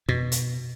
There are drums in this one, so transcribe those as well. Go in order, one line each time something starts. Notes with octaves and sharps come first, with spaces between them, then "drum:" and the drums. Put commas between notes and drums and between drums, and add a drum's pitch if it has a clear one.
B2, drum: tom F2
drum: hi-hat